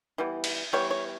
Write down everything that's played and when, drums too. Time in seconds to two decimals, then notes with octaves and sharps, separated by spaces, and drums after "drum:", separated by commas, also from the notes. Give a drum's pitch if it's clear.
0.18 E3 G3 B3
0.44 drum: cymbal
0.73 E3 G3 B3 C#5
0.91 C#5